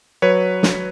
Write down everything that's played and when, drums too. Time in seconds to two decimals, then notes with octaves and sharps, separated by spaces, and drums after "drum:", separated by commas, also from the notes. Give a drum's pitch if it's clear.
0.22 F#3 B4 C#5
0.63 drum: snare